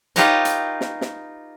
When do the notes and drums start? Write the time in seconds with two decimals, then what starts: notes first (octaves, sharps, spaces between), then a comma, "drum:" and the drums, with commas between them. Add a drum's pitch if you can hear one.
0.16 D#4 F4 G4 B4 C#5 D#5, drum: hi-hat
0.45 drum: hi-hat
0.81 drum: snare
1.01 drum: snare